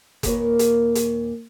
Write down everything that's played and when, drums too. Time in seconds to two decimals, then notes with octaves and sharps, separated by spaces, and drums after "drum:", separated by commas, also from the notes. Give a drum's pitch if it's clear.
0.23 D#2 A#2 A#3 A#4 B4 C#5, drum: kick F#1, hi-hat
0.59 drum: hi-hat
0.95 drum: hi-hat